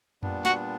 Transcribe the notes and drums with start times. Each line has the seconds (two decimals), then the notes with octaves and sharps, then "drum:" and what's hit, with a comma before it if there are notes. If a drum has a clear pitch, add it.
0.23 A#2 G3 B3 D4, drum: tom F2
0.45 F#4, drum: snare